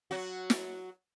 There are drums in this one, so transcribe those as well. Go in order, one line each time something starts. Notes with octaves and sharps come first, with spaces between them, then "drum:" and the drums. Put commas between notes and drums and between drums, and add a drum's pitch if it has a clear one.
F#3 F#4
drum: snare